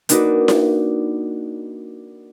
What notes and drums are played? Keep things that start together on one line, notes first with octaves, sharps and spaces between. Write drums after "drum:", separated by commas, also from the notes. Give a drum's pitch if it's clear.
A#3 D4 D#4 F#4 B4, drum: hi-hat
drum: snare E4